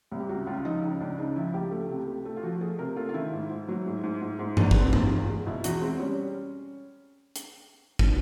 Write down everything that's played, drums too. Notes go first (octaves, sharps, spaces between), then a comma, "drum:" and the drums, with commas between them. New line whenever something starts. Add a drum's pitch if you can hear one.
C2
G4
C#2 F#4
C#2 F4
F3 D#4
C#3 D#4
C#2 D4
C#3 D#4
F3 E4
C#2 G4
A3
C3
A3
A3
F4
F3 F#4
A3 G#4
C3 A#4
A3 F4
F4
D#3 E4
G#2
G#2
F#3
G#2
G#2
G#2
G#2
E2 D4, drum: tom G2
G#3 B3, drum: kick
C4
E2, drum: tom G2
F4
E2
G#3
B2 E4
E2 F#4, drum: hi-hat
G#3 C4
G3 C#4
drum: hi-hat
drum: kick